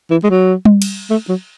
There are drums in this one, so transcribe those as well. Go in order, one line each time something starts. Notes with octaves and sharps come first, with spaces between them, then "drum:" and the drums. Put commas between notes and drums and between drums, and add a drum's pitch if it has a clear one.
E3
G#3
F#3
drum: tom G3
drum: cymbal
A3
F#3